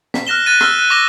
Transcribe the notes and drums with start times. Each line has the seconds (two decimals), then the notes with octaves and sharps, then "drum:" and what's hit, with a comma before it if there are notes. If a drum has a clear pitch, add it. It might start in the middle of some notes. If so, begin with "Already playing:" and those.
0.14 B6, drum: snare
0.27 F6 F#6 A#6 E7 G7
0.46 F#6 A6 D#7
0.61 E6 F6 G7, drum: rim click
0.78 F#6
0.90 C#6 D6 A#6 G7